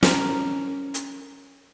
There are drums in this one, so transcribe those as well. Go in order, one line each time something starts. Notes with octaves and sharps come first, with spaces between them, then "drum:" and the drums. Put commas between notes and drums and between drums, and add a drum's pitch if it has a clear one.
C#4 A#4, drum: snare
drum: hi-hat